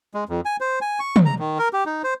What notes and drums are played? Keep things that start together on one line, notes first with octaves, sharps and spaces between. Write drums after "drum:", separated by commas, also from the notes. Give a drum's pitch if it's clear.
G#3
F2
G#5
C5
G#5
C#6
drum: tom
A#5
D#3
A#4
G4
D#4
C5